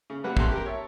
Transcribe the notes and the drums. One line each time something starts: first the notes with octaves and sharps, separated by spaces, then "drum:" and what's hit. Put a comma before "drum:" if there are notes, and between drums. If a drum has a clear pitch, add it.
C#3
F#3 G3 A#3 B4 F#5
A1 G4 A4 A#5 C6 F#6, drum: kick
G4 A#4
C#5 E5 A5